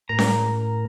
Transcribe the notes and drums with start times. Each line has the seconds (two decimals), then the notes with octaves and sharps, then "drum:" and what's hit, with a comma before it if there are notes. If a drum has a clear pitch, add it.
0.09 A2 A#4 A#5
0.19 drum: snare C#4